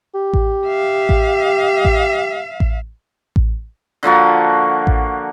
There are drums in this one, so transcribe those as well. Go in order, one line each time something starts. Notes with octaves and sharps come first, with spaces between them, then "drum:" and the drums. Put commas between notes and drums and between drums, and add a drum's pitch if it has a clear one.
G4
drum: kick A1
E5 F5
drum: kick A1
drum: kick A1
drum: kick A1
drum: kick A1
D3 F3 A#3 F#4
drum: kick A1